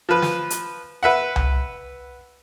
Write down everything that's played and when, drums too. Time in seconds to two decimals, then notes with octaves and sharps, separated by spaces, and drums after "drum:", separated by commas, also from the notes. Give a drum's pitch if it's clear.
0.09 F3 B4
0.22 drum: snare
0.50 drum: hi-hat
1.03 B4 E5 F#5
1.36 drum: tom C2